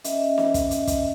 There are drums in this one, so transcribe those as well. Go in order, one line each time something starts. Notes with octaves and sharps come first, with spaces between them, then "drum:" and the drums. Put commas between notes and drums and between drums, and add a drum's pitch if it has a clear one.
C#4 D#5 E5, drum: hi-hat
drum: snare
drum: kick, hi-hat
drum: hi-hat
drum: kick, hi-hat